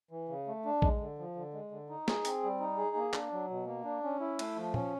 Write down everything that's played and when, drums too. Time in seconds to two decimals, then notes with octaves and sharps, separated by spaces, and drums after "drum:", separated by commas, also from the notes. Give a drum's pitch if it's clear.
0.11 E3
0.29 C#3
0.47 A3
0.65 D4
0.82 G#3, drum: kick A#1
1.00 D3
1.19 F3
1.36 D3
1.53 G#3
1.71 D3
1.90 D#4
2.08 G#4, drum: snare
2.25 C4, drum: hi-hat
2.43 G3
2.60 D#4
2.78 G#4
2.96 A#3
3.13 D4, drum: clap
3.32 F#3
3.50 B2
3.67 A#3
3.85 D4
4.04 C#4
4.20 E4
4.39 A3, drum: cymbal
4.56 F3
4.74 C#4, drum: tom